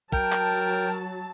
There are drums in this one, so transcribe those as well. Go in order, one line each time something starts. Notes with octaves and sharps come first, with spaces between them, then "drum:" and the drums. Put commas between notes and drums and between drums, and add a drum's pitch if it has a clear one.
F#3 A#4 G5 A5, drum: kick
drum: clap